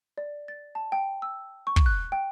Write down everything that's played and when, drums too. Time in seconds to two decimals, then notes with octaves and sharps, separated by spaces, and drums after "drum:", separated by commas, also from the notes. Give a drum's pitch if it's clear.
0.18 D5
0.48 A6
0.75 A5
0.92 G5
1.22 E6
1.67 C#6
1.76 drum: kick
1.86 F#6
2.12 G5